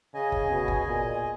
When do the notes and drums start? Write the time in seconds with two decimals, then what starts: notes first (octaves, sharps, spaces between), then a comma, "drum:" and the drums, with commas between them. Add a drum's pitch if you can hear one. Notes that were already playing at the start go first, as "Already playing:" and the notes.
0.14 C#3 G#4 D#5 G#5
0.32 drum: kick F#1
0.50 B2
0.68 drum: kick F#1
0.86 A#2